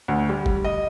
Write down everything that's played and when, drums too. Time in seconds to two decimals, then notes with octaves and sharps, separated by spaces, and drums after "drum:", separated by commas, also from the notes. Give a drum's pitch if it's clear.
0.08 D2
0.29 G3
0.46 drum: kick F#1
0.64 D#5